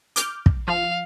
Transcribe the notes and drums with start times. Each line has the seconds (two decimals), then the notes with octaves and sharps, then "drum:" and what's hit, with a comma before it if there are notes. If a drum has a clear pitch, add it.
0.16 D6 F6 G6, drum: hi-hat
0.46 drum: kick
0.68 F3 F5